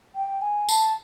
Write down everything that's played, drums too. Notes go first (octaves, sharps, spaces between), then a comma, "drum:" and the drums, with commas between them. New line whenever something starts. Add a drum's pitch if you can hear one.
G5
G#5
A5, drum: tambourine